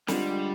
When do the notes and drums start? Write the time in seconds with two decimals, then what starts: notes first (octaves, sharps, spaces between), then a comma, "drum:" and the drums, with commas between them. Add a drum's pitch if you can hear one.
0.08 D3 F3 G3 G#3, drum: snare